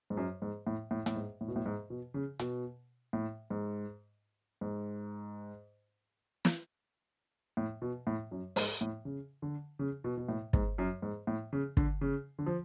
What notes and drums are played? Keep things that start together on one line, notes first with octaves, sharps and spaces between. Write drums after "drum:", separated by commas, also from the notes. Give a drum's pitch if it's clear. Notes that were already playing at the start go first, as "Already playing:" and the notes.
G#2
F#2
G#2
A2
A2
A2, drum: hi-hat
G#2
A2
B2
A2
G#2
B2
C#3
B2, drum: hi-hat
A2
G#2
G#2
drum: snare
A2
B2
A2
F#2
G#2, drum: open hi-hat
A2
C#3
D3
C#3
B2
B2
A2
G#2, drum: kick
F#2
G#2
A2
C#3
D3, drum: kick
C#3
D3
F3